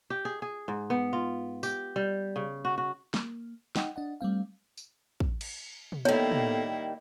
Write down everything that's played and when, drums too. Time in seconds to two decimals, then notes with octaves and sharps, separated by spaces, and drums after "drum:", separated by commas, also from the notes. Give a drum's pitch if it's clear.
0.10 G4
0.25 G#4
0.42 G#4
0.68 G#2
0.90 B3
1.13 F4
1.63 G4, drum: tambourine
1.96 G3
2.36 C#3
2.65 F#4
2.78 F#4
3.14 A#3, drum: snare
3.76 D#4 D#5 F#5 G5, drum: snare
3.96 D4 D#5 F#5
4.21 G3 A3 C4 F5
4.77 drum: tambourine
5.20 drum: kick
5.41 drum: cymbal
5.92 drum: tom
6.05 D#3 G3 A#3 B3 E4 A4 C#5
6.32 drum: tom